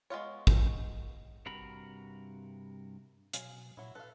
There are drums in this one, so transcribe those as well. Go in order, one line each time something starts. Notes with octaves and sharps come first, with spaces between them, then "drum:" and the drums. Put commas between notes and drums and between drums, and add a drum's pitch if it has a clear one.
G#3 B3 F4 C#5
drum: kick
G2 C3 F#4 A#4 B5
B2 F#3 G#4 F5, drum: hi-hat
A#2 F#3 E4
A4 B4 F5